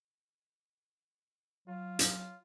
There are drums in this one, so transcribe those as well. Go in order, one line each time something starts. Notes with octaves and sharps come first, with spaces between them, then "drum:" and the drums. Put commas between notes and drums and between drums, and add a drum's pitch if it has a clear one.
F#3 F4
drum: hi-hat